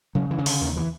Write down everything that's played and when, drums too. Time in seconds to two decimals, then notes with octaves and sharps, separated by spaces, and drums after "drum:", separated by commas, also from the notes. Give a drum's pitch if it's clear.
0.15 C#3 F#3
0.31 E3
0.38 C#3
0.46 D3, drum: open hi-hat
0.61 D#2 D#3
0.77 E3